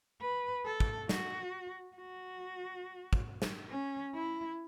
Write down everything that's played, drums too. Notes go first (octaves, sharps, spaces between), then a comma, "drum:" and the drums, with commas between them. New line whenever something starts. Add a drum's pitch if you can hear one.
B4
A4
drum: kick
F#4, drum: snare
F#4
drum: kick
drum: snare
C#4
E4